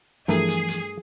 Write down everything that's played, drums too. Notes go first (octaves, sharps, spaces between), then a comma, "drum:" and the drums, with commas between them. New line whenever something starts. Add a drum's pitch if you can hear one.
G2 E3 F3 A3 G#4 A#4, drum: hi-hat
drum: hi-hat
drum: hi-hat